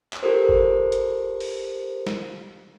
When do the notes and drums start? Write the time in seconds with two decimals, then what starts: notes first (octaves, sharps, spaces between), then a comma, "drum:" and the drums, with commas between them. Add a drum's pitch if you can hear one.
0.13 drum: clap
0.23 F4 G4 A4 A#4 C5
0.49 drum: kick G1
0.92 drum: hi-hat
1.40 drum: open hi-hat
2.07 drum: snare